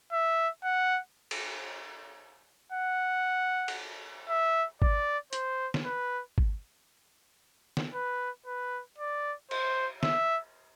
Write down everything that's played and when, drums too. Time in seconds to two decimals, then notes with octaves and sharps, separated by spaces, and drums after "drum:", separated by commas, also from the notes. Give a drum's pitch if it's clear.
0.12 E5
0.64 F#5
1.31 drum: cymbal
2.72 F#5
3.68 drum: cymbal
4.29 E5
4.82 D5, drum: kick G#1
5.33 C5, drum: hi-hat
5.74 drum: snare
5.85 B4
6.38 drum: kick G#1
7.77 drum: snare
7.94 B4
8.46 B4
8.98 D5
9.51 C5, drum: cymbal
10.03 E5, drum: snare